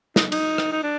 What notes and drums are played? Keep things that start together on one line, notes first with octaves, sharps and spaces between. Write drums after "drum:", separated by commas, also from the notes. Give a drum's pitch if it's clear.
D#4, drum: snare
D#4, drum: cymbal
drum: rim click
D#4
D4